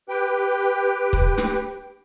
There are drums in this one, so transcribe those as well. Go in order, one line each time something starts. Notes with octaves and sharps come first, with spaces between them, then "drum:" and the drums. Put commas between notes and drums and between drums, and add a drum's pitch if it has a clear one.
G4 B4 G5
drum: kick
drum: snare